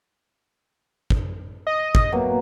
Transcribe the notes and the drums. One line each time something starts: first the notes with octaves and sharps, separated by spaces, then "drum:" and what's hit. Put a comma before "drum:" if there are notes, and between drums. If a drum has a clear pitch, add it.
drum: kick
D#5
drum: kick
B2 F#3 A#3